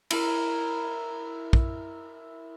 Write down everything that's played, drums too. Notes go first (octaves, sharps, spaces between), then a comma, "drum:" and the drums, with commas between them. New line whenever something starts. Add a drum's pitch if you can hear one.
E4 A#4, drum: cymbal
drum: kick